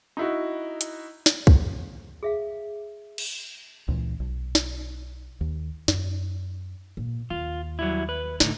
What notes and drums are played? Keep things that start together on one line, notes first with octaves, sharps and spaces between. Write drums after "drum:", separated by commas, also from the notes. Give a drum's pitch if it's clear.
D#4 E4 F#4
drum: hi-hat
drum: snare
drum: kick B1
G#4 E5 F5
drum: cymbal
C#2 A#2 E3
B1
drum: snare
D#2
F#2, drum: snare
A#2
D#2 F4
F#3 G3 E4
B4
A2 D3 D4 D#4, drum: snare